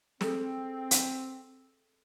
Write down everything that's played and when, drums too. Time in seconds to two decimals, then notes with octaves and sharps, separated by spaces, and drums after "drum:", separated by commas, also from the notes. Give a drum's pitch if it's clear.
0.21 C4 G#4 A4, drum: snare
0.91 drum: hi-hat